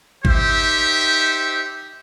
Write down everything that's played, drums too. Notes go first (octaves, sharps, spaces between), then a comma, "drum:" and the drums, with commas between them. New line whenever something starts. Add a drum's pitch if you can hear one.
D#4 G4 C5 E5, drum: kick G#1